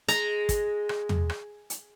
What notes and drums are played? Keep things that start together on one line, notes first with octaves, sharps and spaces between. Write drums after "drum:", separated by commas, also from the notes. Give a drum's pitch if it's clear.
G#3 A#5, drum: hi-hat
drum: kick, hi-hat
drum: rim click
drum: tom
drum: rim click
drum: hi-hat